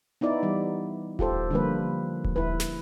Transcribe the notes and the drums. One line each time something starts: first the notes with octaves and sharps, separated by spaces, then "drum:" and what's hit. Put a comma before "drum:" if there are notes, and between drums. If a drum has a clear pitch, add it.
B3 D#4 E4 D5
E3 G3
F4 G4 A4 C5, drum: kick D#1
D3 F3 G3 A#3 B4
drum: kick D#1
E4 B4
drum: snare